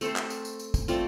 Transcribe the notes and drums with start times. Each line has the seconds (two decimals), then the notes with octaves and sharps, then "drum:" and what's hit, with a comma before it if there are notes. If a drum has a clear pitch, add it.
0.01 A3 C4 A4 C5, drum: tambourine
0.16 drum: clap
0.30 drum: tambourine
0.45 drum: tambourine
0.59 drum: tambourine
0.74 drum: kick, tambourine
0.88 A3 C4 F4 D5, drum: tambourine